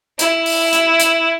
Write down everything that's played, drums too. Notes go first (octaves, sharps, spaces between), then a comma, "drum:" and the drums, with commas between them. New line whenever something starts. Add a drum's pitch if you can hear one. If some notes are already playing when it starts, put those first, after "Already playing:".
E4, drum: hi-hat
drum: open hi-hat
drum: hi-hat
drum: hi-hat